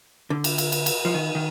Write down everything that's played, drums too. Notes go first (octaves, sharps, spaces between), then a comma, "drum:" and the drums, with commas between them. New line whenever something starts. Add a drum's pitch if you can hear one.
D3
drum: cymbal
drum: cymbal
drum: cymbal
drum: cymbal
F3
D#3
D#3